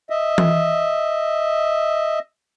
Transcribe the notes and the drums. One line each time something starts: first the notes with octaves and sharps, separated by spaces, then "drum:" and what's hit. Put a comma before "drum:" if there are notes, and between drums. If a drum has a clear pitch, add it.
D#5 E5
drum: tom E3